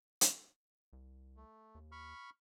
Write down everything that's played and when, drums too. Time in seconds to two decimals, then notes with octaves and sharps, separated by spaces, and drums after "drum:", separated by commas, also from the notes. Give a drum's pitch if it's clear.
0.21 drum: hi-hat
0.93 C2
1.36 A3
1.75 D#2
1.92 B5 C#6 F6